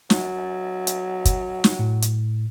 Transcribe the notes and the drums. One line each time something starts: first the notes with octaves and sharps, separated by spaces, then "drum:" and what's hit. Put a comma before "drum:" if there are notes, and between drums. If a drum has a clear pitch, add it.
F#3, drum: snare
drum: hi-hat
drum: kick, hi-hat
drum: snare
A2
drum: hi-hat